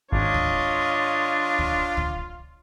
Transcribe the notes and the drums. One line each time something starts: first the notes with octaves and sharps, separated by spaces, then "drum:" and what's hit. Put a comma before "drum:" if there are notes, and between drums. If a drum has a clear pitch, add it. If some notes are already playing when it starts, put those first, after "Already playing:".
G#1 D4 F4 C#5 D#5
drum: kick
drum: kick
drum: kick